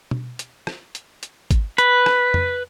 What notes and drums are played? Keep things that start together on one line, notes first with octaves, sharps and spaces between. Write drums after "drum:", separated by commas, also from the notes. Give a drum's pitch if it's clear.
drum: tom B2
drum: hi-hat
drum: rim click
drum: hi-hat
drum: hi-hat
drum: kick, hi-hat
B4, drum: hi-hat
drum: rim click
drum: tom F2